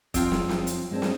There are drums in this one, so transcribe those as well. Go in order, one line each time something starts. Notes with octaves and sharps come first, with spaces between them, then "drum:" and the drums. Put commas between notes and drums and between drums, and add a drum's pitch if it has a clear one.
F2 C4 F4 G5, drum: kick, hi-hat
drum: snare
drum: snare
drum: hi-hat
G#3 C4 D4
drum: snare